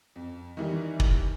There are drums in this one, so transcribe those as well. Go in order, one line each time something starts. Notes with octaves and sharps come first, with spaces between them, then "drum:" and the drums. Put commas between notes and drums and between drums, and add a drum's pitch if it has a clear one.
F2
D#3 E3 G3
drum: kick